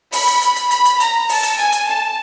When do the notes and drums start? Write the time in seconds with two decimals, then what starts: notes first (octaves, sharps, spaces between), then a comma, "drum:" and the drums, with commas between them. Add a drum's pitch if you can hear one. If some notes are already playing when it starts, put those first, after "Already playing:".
0.12 B5, drum: open hi-hat
0.27 drum: hi-hat
0.42 drum: hi-hat
0.56 drum: hi-hat
0.71 B5, drum: hi-hat
0.85 drum: hi-hat
1.00 A#5, drum: hi-hat
1.29 A5, drum: open hi-hat
1.43 drum: hi-hat
1.58 G#5
1.72 drum: hi-hat
1.86 A5